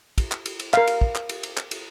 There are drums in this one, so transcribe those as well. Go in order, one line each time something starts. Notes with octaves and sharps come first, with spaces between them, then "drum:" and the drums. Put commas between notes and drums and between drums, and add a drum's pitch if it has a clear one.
drum: kick, cymbal
drum: clap
drum: cymbal
drum: cymbal
A#4 F5, drum: clap
drum: cymbal
drum: kick
drum: clap
drum: cymbal
drum: cymbal
drum: clap
drum: cymbal